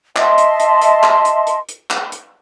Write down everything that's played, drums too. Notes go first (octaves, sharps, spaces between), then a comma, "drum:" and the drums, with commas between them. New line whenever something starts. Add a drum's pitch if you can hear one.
D#5 E5 A5 C6, drum: clap
drum: hi-hat
drum: hi-hat
drum: hi-hat
drum: clap
drum: hi-hat
drum: hi-hat
drum: hi-hat
drum: clap
drum: hi-hat